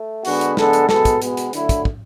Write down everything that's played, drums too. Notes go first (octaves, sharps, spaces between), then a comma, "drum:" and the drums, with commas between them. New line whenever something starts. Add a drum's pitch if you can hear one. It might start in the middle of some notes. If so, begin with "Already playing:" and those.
Already playing: A3
D3 G#3 B3 F#4, drum: open hi-hat
drum: hi-hat
D3 G#3 B3 A4, drum: snare
drum: hi-hat
B2 G#3 B3 A4, drum: snare
drum: kick, hi-hat
B2 G#3 B3, drum: hi-hat
drum: hi-hat
D3 F#3 A3 E4, drum: hi-hat
drum: kick, hi-hat
drum: kick